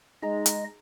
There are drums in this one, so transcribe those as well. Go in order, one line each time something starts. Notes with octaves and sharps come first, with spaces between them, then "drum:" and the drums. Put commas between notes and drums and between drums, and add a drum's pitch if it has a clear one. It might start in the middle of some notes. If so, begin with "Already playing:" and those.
G#3 D#4 G#4 D#5 A#5
drum: hi-hat